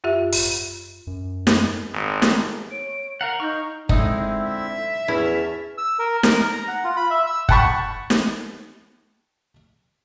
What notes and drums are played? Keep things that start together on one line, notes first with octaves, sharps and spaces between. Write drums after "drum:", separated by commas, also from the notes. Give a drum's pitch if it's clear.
F#2 F4 G4 E5
drum: open hi-hat
F#2
drum: snare
G#1
drum: snare
C#5 D7
A#4 F5 F#5 A#5
D#4 C#6 F6 G6
D3 G#3 C4 D#4 E4, drum: kick
E5
E2 C#4 E4 A5 F6
E6
A#4
A#4, drum: snare
A#5
F#5
F4
B5
E5
E6
F#5 G5 A5 B5 C#6, drum: kick
drum: snare